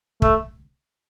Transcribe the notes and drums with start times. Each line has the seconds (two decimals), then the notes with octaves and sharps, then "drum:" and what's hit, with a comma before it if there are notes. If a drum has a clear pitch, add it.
0.22 A3, drum: kick